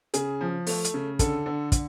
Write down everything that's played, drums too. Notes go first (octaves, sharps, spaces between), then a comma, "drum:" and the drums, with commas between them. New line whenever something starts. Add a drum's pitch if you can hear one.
C#3 G#4, drum: hi-hat
F3
A3, drum: open hi-hat
drum: hi-hat
C#3
D3 A4, drum: kick, hi-hat
D3
D3, drum: kick, hi-hat